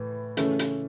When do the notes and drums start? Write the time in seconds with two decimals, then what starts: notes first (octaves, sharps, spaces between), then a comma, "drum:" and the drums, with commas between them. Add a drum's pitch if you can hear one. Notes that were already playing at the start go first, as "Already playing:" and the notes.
Already playing: A2 E3
0.37 C#3 E3 A3 C#4, drum: hi-hat
0.59 drum: hi-hat